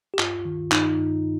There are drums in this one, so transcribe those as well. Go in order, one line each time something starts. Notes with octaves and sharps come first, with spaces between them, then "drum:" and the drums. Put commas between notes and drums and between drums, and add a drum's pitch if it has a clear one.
G4
G2 F4, drum: clap
D#3
G2 D#4, drum: clap
G2